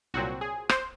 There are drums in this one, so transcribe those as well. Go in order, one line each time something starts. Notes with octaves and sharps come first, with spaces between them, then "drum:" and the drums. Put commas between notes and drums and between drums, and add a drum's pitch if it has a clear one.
C2 A#2 F#3 C4 F#4
G#4
C5, drum: rim click